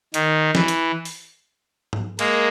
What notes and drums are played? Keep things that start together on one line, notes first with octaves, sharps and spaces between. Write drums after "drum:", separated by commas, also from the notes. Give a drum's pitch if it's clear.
D#3, drum: hi-hat
E3, drum: snare
drum: hi-hat
drum: open hi-hat
drum: tom G#2
G#3 A#3, drum: cymbal